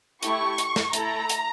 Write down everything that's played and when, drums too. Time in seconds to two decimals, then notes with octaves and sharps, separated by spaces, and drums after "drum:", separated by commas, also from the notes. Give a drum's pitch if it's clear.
0.23 A3 E4 G4 C#6, drum: hi-hat
0.58 drum: hi-hat
0.76 drum: snare
0.93 A3 E4 A4 A#5, drum: hi-hat
1.29 drum: hi-hat